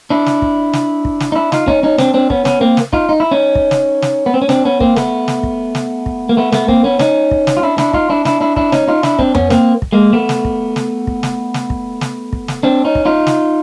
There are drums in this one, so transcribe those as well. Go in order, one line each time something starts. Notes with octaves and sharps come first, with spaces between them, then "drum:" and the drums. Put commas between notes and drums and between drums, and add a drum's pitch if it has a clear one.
D4 E4
drum: snare
drum: kick
drum: snare
drum: kick
drum: snare
D#4
D4 E4
D#4 F4, drum: snare
C#4 D#4, drum: kick
C#4 D#4
C4 D4, drum: snare
C4 D4
B3 C#4, drum: kick
B3 C#4, drum: snare
A#3 C4
drum: snare
D#4 F4, drum: kick
D#4
E4
C#4 D#4
drum: kick
drum: snare
drum: snare
B3
C4
C#4
C4 D4, drum: snare
B3 C#4
A#3 C4, drum: kick
A3 B3, drum: snare
drum: snare
drum: kick
drum: snare
drum: kick
A#3
A3 B3
A3 B3, drum: snare
A#3 C4, drum: kick
B3 C#4
C#4 D#4, drum: snare
drum: kick
drum: snare
F4
D4 E4
D4 E4, drum: snare
D#4 F4, drum: kick
D4 E4
D4 E4, drum: snare
D4 E4
D4 E4, drum: kick
C#4 D#4, drum: snare
D#4 F4
D4 E4, drum: snare
C4 D4, drum: kick
B3 C#4, drum: tom F2
A#3 C4, drum: snare
drum: kick
G#3 A#3
A3 B3
drum: snare
drum: kick
drum: snare
drum: kick
drum: snare
drum: snare
drum: kick
drum: snare
drum: kick
drum: snare
C4 D4
C#4 D#4
drum: kick
D#4 F4
drum: snare